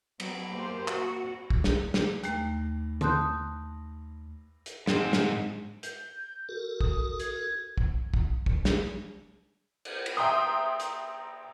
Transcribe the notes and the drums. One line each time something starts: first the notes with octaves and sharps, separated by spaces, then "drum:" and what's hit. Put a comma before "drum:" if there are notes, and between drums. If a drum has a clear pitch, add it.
F#3 B3, drum: cymbal
A#3 G4 C5
F#4, drum: clap
drum: kick
drum: snare
drum: snare
D#2 A3, drum: hi-hat
A5 C6 D#6 F#6 G6, drum: tom D3
drum: hi-hat
G#2 C4, drum: snare
drum: snare
G6, drum: hi-hat
F#4 A4 A#4
D#6, drum: kick
G#6, drum: hi-hat
drum: kick
drum: kick
drum: kick
drum: snare
drum: cymbal
drum: cymbal
E5 G5 A#5 C6 D#6
drum: hi-hat